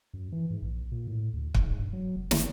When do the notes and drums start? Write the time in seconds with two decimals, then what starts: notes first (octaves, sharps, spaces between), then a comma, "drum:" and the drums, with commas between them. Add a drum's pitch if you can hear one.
0.14 F#2
0.32 E3
0.50 G#2
0.62 A#1
0.92 A#2
1.07 A2
1.33 D2
1.54 G#2, drum: kick
1.79 G2
1.93 F#3
2.16 F1
2.31 G1, drum: snare